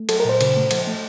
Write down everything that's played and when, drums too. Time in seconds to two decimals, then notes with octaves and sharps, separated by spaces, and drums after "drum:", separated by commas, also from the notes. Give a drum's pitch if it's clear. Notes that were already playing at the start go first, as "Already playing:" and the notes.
Already playing: A3
0.09 F#3 A4, drum: cymbal
0.20 A#4
0.25 A#2 C5
0.41 C#3, drum: cymbal
0.56 A3
0.71 F3, drum: cymbal
0.87 A3